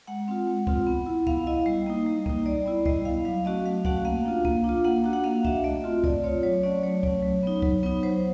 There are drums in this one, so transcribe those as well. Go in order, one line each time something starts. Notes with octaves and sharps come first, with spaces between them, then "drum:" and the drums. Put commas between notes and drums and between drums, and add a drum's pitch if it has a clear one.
G#3 F#5
C4 F4
G#3
C4 F4, drum: kick C2
B3
E4
B3 F5, drum: kick C2
E4 D#5
G3
A#3 D#4
G3
A#3 D#4, drum: kick C2
G3 D5
B3 E4
G3 D#5, drum: kick C2
B3 E4 F5
F#3 F5
A3 C#4 F#4 D#5
F#3 F5
A3 C#4 F#4 F#5, drum: kick C2
A#3 F5
D4 F4
A#3, drum: kick C2
D4 F4
A#3 F#5
D4 F#4
F#5
A#3 F5
D4 F#4 E5, drum: kick C2
A3 D#5
C4 F4
A3 D5, drum: kick C2
C4 F4 C#5
F#3 C#5
A3 C#4 D5
F#3 C#5
A3 C#4, drum: kick C2
F#3
B3 D#4
F#3, drum: kick C2
B3 D#4
F#3 C5